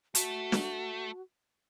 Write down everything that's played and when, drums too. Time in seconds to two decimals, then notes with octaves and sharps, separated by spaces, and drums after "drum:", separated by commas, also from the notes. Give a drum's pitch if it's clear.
0.15 A3 F#4, drum: hi-hat
0.52 drum: snare